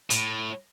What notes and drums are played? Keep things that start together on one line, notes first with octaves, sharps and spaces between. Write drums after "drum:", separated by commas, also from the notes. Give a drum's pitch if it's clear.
A2, drum: hi-hat